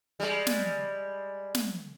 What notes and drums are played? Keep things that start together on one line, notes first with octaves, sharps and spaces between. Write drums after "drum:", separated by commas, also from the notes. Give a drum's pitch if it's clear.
G3 G#3
drum: snare
drum: snare